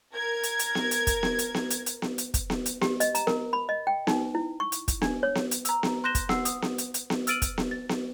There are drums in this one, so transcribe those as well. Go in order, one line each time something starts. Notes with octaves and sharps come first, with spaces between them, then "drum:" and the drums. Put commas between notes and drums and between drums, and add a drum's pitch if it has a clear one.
A#4 G#6
drum: hi-hat
drum: hi-hat
drum: snare B3
drum: hi-hat
drum: kick, hi-hat
drum: snare B3
drum: hi-hat
drum: snare B3
drum: hi-hat
drum: hi-hat
drum: snare B3
drum: hi-hat
drum: kick, hi-hat
drum: snare B3
drum: hi-hat
G4, drum: snare B3
D#5, drum: hi-hat
A#5, drum: hi-hat
A#4, drum: snare B3
B5
D#5
G5
D#4, drum: snare B3
E4
C#6
drum: hi-hat
drum: kick, hi-hat
D4, drum: snare B3
C#5
drum: snare B3
drum: hi-hat
A#5 E6, drum: hi-hat
drum: snare B3
C6 F#6 G6 A#6 E7 G7
drum: kick, hi-hat
F#5 E6 C7, drum: snare B3
D#6, drum: hi-hat
drum: snare B3
drum: hi-hat
drum: hi-hat
drum: snare B3
E6 F6 A6 D7 D#7 F#7, drum: hi-hat
drum: kick, hi-hat
drum: snare B3
A6
drum: snare B3